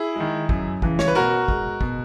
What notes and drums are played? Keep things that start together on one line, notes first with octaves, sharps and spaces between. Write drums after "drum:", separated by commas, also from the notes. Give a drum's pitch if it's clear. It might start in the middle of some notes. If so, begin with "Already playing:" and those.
Already playing: E4 G#4
D#3 G#3
F#2, drum: kick
C#3 E3, drum: kick
C#5, drum: snare
B4
B2 F#4 A#4
G#3, drum: kick
B2, drum: kick